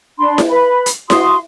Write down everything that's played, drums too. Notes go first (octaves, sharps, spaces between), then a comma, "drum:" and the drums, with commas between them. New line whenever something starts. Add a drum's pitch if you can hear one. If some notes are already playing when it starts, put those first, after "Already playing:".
D4 B5 C6
drum: snare E4
B4 B5
drum: hi-hat
F#4 C6 D#6, drum: snare E4